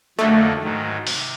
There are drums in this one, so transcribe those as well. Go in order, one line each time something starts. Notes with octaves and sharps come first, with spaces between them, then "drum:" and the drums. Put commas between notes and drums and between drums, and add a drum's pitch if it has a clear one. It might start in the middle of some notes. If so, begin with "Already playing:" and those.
F2 D3 F#3 A3 A#3 D#4
G#2 D#3 F#3
C3, drum: open hi-hat